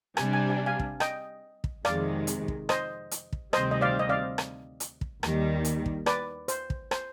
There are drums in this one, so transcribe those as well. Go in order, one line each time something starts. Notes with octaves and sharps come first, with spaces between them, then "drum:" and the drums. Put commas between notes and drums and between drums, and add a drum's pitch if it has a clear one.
C3 G3 D4 G#5, drum: rim click
G#5
G#5
F5 G#5
drum: kick
D#5 G5, drum: rim click
drum: kick
F2 C3 D#3 G#3 D5 F5, drum: rim click
drum: hi-hat
drum: kick
C5 D#5, drum: rim click
drum: hi-hat
drum: kick
D2 C3 D#3 G3 C4 C5 D#5, drum: rim click
D#5
D5 F5
D#5
D5 F5
drum: rim click
drum: hi-hat
drum: kick
D#2 D#3 G3, drum: rim click
drum: hi-hat
drum: kick
B4 D5, drum: rim click
C5, drum: hi-hat
drum: kick
C5, drum: rim click